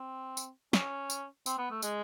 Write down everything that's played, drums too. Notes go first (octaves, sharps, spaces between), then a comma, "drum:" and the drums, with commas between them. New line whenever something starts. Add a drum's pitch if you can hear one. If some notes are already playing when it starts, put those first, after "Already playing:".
Already playing: C4
drum: tambourine
C#4, drum: snare
drum: tambourine
C4, drum: tambourine
B3
A3
G#3, drum: tambourine